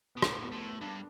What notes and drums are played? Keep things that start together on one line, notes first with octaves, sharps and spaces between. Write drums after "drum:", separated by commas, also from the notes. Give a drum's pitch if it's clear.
B2 B3
A2 A3, drum: rim click
B3
A2
G2 D4